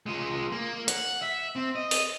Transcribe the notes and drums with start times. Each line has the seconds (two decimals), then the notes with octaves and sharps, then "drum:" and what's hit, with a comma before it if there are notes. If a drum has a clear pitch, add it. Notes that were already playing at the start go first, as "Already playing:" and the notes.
0.06 G#3 F4
0.52 A#3
0.88 F#5, drum: hi-hat
1.22 E5
1.56 C4
1.75 D#5
1.91 drum: open hi-hat